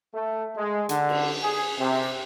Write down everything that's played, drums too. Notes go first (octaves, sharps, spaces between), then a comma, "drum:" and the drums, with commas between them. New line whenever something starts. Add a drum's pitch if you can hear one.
A3
G#3
D3, drum: hi-hat
drum: cymbal
G#4
C3